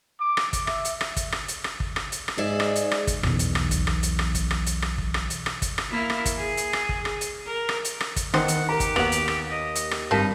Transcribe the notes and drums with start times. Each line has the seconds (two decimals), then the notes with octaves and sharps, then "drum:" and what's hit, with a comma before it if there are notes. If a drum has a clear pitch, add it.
0.20 D6
0.37 drum: rim click
0.53 drum: kick, hi-hat
0.67 E5, drum: rim click
0.85 drum: hi-hat
1.01 drum: rim click
1.16 drum: kick, hi-hat
1.32 drum: rim click
1.48 drum: hi-hat
1.64 drum: rim click
1.80 drum: kick
1.96 drum: rim click
2.12 drum: hi-hat
2.28 drum: rim click
2.38 G#2 G#4 D5 E5
2.60 drum: rim click
2.76 drum: hi-hat
2.91 drum: rim click
3.07 drum: kick, hi-hat
3.23 B1 E2, drum: rim click
3.39 drum: hi-hat
3.55 drum: rim click
3.71 drum: kick, hi-hat
3.87 drum: rim click
4.03 drum: hi-hat
4.19 drum: rim click
4.35 drum: kick, hi-hat
4.51 drum: rim click
4.66 drum: hi-hat
4.82 drum: rim click
4.98 drum: kick
5.14 drum: rim click
5.30 drum: hi-hat
5.46 drum: rim click
5.62 drum: kick, hi-hat
5.78 drum: rim click
5.90 A#3 E4
6.10 drum: rim click
6.25 drum: kick, hi-hat
6.37 G#4
6.57 drum: hi-hat
6.73 drum: rim click
6.89 drum: kick
7.05 drum: rim click
7.21 drum: hi-hat
7.46 A#4
7.69 drum: rim click
7.85 drum: hi-hat
8.00 drum: rim click
8.16 drum: kick, hi-hat
8.34 D#3 E3 B3 C5 F#5, drum: rim click
8.48 drum: hi-hat
8.69 G4 A#4 A#5
8.80 drum: kick, hi-hat
8.96 D#2 B3 F#4 F7 F#7, drum: rim click
9.12 drum: hi-hat
9.28 drum: rim click
9.51 D#5
9.75 drum: hi-hat
9.91 drum: rim click
10.11 G#1 G2 D#4 A#4 F5 A5 B6